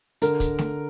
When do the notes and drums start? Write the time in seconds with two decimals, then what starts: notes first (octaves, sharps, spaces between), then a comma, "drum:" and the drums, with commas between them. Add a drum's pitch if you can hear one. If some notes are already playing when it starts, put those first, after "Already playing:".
0.22 D3 A#4, drum: hi-hat
0.40 drum: kick, hi-hat
0.59 drum: snare A3